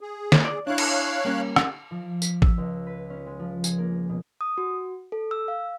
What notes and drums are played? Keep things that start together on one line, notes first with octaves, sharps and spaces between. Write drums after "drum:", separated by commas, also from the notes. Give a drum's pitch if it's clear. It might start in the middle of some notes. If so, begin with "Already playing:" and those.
G#4
drum: snare
D5
D4 E4 C#5 F5 F#6
drum: cymbal
G3 A#3 C#4
drum: rim click
F3
B6, drum: tambourine
E6, drum: kick
C#2
B4
C#4
G#3
F3
G#4, drum: tambourine
A#3
B2
D#6
F#4
A4
E6
F5